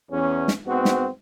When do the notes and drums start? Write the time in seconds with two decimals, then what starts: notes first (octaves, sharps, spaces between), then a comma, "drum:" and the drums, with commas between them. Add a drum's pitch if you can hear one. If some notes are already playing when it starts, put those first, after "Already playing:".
0.11 E2 C#4
0.48 drum: snare
0.67 G#2 B3 C4 F#4
0.85 drum: snare